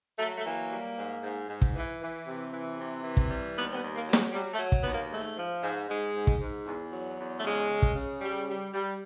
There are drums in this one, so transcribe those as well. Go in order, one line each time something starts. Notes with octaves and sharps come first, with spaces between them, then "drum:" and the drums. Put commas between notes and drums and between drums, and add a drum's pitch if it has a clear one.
F#3 A3
A3
E3 A#3
G3
G#2
G#2
G#2
drum: kick
E3
E3
C3
E3
C3
E3
drum: kick
G3
D#2 B3
C4
B3
D#2
A#3
F#3
G#3, drum: snare
F#3 G3
A3
F#3
drum: kick
D#2 B3
A#3
G#2 A3
F3
G#2
G#2 G#3
G#2
drum: kick
G#2
E2
F#3
E2
A3
C#3 G#3
C#3
drum: kick
C#3
G3
G3
G3